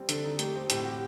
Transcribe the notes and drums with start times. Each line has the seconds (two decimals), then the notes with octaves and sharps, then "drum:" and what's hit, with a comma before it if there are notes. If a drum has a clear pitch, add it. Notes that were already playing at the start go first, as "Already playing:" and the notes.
Already playing: G3 C4
0.09 D3 A4, drum: hi-hat
0.25 D#4
0.39 A3 G4, drum: hi-hat
0.56 C4
0.70 A2 G4, drum: hi-hat
0.85 F#4